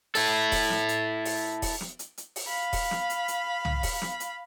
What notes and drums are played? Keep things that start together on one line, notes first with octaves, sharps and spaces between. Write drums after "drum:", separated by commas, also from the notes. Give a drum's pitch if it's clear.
E4 A4, drum: open hi-hat
drum: kick D#1, open hi-hat
drum: snare
drum: hi-hat
drum: open hi-hat
drum: kick D#1, open hi-hat
drum: snare
drum: hi-hat
drum: hi-hat
drum: open hi-hat
F5 B5
drum: kick D#1, open hi-hat
drum: snare
drum: hi-hat
drum: hi-hat
drum: tom C2
drum: kick D#1, open hi-hat
drum: snare
drum: hi-hat